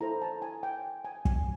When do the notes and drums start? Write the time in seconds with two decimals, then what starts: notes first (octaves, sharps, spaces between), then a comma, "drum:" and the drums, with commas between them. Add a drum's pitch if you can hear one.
0.01 E4 A4 C5 A#5
0.22 A5
0.42 G#5
0.63 G5
1.05 G#5
1.25 G#5, drum: kick